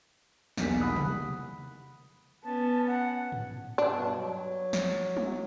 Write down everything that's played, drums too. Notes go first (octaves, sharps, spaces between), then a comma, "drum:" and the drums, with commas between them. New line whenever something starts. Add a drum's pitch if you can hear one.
B1 E2 G3 A#3 B6, drum: snare
F#5 B5 D#6 F#6
drum: tom C3
B3 C#4 A5
F#5
drum: tom G#2
G2 B2 D4
F#3
drum: snare
drum: tom G3